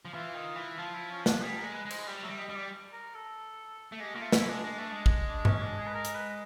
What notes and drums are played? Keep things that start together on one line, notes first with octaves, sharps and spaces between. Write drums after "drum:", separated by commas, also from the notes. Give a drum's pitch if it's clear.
F3
E3 F4
D#3
E3
F3 F4
E4
C#4
D4, drum: snare
G3 G#4
A#4
G#3
B4
G#3
C5, drum: cymbal
G3
F#3 E5
G3
D#5
G3
D5
A#4
A4
A3
G#3 G4
A#3 F4
A3
E4, drum: snare
G#3
D4
G#3
A3
G#3
drum: kick
D4
C#4, drum: tom G2
C#4
D4
G#4
B4
A#4
drum: hi-hat
B4